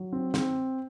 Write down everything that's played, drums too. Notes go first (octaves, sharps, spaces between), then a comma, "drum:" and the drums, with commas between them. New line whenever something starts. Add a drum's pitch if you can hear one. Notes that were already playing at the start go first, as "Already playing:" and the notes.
Already playing: F#3
C4
C4, drum: snare